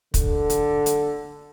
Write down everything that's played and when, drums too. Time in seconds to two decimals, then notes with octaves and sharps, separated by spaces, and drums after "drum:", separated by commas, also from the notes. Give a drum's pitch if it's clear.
0.14 D3, drum: kick, hi-hat
0.50 drum: hi-hat
0.86 drum: hi-hat